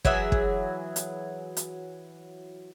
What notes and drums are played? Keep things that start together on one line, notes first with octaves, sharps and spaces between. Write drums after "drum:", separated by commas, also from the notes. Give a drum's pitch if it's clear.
E3 F#3 G#4 E5, drum: kick
drum: kick
drum: hi-hat
drum: hi-hat